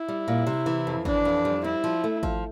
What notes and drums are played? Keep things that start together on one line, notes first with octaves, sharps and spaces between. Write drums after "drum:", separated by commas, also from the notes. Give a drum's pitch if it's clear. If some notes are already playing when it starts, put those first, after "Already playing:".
Already playing: E4
G3
A#2
C3
E3
F2
E3 D4, drum: kick G#1
F2
G3
C4 E4
F3
A3
F3, drum: kick G#1